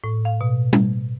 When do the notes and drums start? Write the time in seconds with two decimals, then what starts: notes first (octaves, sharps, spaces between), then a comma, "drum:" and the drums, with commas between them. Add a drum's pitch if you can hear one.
0.04 A2
0.25 F5
0.41 B2
0.73 drum: tom G3